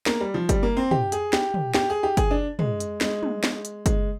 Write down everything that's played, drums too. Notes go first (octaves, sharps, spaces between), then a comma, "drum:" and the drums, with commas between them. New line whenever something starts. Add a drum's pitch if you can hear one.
A#3, drum: snare
G3
F3
G3, drum: kick F#1, hi-hat
A#3
C4
G4, drum: tom
G#4, drum: hi-hat
G4, drum: snare
drum: tom
G4, drum: snare
G#4
G4
G#4, drum: kick F#1, hi-hat
D4
G#3, drum: tom
drum: hi-hat
G#3, drum: snare
drum: tom
drum: snare
drum: hi-hat
G#3, drum: kick F#1, hi-hat